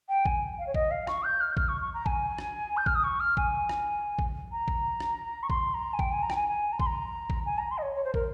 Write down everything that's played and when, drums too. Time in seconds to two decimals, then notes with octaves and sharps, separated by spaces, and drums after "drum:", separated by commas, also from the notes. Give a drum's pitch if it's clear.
0.09 G5
0.25 G#5, drum: kick
0.59 F5
0.67 C#5
0.74 D#5, drum: kick
0.91 F5
1.07 C#6, drum: rim click
1.24 G6
1.41 F6
1.52 G6
1.57 F6, drum: kick
1.68 C#6
1.81 C#6
1.94 A#5
2.06 G#5, drum: kick
2.38 drum: rim click
2.77 G6
2.86 F6, drum: kick
2.95 D#6
3.04 C#6
3.20 F6
3.37 G#5, drum: kick
3.69 drum: rim click
4.19 drum: kick
4.52 A#5
4.68 drum: kick
5.00 drum: rim click
5.43 C#6
5.50 C6, drum: kick
5.74 A#5
5.93 G#5
5.99 G5, drum: kick
6.11 G#5
6.23 A#5
6.30 G5, drum: rim click
6.36 G#5
6.48 G#5
6.72 A#5
6.80 C6, drum: kick
6.86 A#5
7.30 drum: kick
7.46 G#5
7.58 A#5
7.71 C6
7.78 D#5
7.82 C#5
7.95 C#5
8.04 C5
8.14 A#4, drum: kick